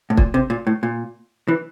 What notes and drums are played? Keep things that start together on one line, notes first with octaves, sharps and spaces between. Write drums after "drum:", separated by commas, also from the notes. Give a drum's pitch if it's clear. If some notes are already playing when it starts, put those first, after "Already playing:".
A2
A#2, drum: kick
C3
A#2
A2
A#2
E3